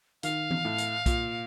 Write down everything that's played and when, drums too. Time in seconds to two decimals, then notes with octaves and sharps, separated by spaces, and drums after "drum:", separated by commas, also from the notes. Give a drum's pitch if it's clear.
0.23 D#3 F5, drum: hi-hat
0.51 drum: tom E3
0.65 A2
0.78 drum: hi-hat
1.06 A#2, drum: kick, hi-hat